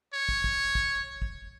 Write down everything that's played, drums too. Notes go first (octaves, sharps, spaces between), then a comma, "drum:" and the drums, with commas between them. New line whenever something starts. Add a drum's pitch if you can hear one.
C#5
drum: kick
drum: kick
drum: kick
drum: kick